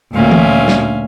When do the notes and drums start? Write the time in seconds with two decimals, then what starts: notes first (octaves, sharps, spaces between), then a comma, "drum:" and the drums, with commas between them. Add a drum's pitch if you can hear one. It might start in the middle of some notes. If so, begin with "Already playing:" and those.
0.13 D2 A#2 C#4 E5 F5
0.31 drum: tom E3
0.68 drum: snare